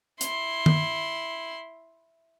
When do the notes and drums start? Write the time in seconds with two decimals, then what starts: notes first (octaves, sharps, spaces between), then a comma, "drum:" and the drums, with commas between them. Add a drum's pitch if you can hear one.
0.21 E4 C6, drum: hi-hat
0.66 drum: tom D#3